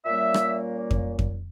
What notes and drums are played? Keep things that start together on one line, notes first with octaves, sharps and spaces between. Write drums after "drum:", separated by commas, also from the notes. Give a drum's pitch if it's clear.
A#2 G3 A#3 C#4 E5
drum: rim click
drum: kick F2
drum: kick F2